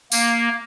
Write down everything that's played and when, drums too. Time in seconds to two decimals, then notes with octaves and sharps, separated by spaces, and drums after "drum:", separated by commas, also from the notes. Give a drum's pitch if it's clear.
0.12 A#3, drum: tambourine